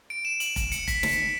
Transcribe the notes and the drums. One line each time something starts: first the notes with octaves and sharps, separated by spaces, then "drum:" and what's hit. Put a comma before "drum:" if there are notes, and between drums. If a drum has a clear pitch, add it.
D7
E7
F#7, drum: hi-hat
E7, drum: kick F1, hi-hat
C#7, drum: hi-hat
B6, drum: kick F1, hi-hat
drum: snare